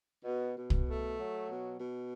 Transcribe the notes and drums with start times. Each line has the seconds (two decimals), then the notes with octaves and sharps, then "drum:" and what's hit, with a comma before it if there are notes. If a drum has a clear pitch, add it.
0.24 B2
0.55 B2
0.70 drum: kick
0.86 A3
1.17 F#3
1.48 B2
1.78 B2